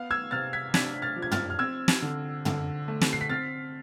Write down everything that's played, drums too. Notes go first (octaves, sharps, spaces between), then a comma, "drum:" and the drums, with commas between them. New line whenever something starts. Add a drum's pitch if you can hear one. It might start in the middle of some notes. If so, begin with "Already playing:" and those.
Already playing: B3 F5
E6 G#6
C3 F6 A6
G#6 B6
D4 G#6 B6, drum: snare
F6 A6
F3
G#6
F6 A6, drum: tom
F6
C4 E6 G#6
drum: snare
D3
D3, drum: tom
A3
drum: snare
C7
B6
C4 F6 A6